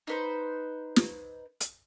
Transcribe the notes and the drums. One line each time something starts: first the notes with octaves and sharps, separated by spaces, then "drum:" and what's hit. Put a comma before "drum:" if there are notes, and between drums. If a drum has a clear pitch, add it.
D#4 B4 C5
drum: snare
drum: hi-hat